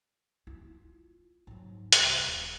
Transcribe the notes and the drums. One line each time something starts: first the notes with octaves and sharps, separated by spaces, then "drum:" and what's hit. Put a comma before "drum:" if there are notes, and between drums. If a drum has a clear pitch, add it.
E4 F4
G#2 F#3
C2, drum: hi-hat
D#1